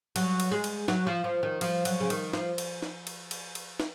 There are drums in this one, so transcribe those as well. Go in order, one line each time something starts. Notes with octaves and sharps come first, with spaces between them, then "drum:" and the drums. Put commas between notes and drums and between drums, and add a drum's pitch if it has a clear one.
F#3, drum: cymbal
drum: cymbal
G#3
drum: cymbal
F#3, drum: snare
F3
F3
D#3
F3, drum: cymbal
F#3, drum: cymbal
C#3
D#3, drum: cymbal
F3, drum: snare
drum: cymbal
drum: snare
drum: cymbal
drum: cymbal
drum: cymbal
drum: snare